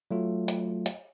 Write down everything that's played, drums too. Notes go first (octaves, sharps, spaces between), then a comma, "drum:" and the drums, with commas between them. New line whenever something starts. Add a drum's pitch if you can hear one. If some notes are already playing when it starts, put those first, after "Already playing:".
F#3 A3 F4
drum: hi-hat
drum: hi-hat